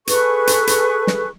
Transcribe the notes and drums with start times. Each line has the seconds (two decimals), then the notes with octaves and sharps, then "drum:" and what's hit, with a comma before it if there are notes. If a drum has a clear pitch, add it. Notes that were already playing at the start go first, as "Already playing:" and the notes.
0.07 G#4 A4 B4 C#6, drum: hi-hat
0.47 drum: hi-hat
0.67 drum: hi-hat
1.07 drum: snare